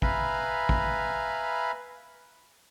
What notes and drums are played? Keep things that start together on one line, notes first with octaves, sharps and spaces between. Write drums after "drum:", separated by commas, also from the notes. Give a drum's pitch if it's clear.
B4 E5 F5 G#5 A#5 B5, drum: kick A1
drum: kick A1